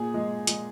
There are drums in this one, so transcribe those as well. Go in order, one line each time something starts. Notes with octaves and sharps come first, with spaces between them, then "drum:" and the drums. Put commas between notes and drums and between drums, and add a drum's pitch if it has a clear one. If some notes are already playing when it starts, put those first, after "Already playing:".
Already playing: A#2 G#4
G#3
G#3, drum: hi-hat